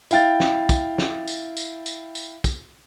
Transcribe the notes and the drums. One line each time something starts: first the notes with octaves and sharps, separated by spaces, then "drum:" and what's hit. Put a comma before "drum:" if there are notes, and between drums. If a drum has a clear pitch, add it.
E4 F5 G5 A6, drum: tambourine
drum: snare
drum: kick, tambourine
drum: snare
drum: tambourine
drum: tambourine
drum: tambourine
drum: tambourine
drum: kick, tambourine